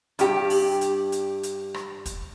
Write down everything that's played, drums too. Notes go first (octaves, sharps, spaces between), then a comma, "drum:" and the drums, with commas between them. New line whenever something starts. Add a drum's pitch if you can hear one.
G2 G4, drum: hi-hat
drum: open hi-hat
drum: hi-hat
drum: hi-hat
drum: hi-hat
drum: rim click
drum: kick, hi-hat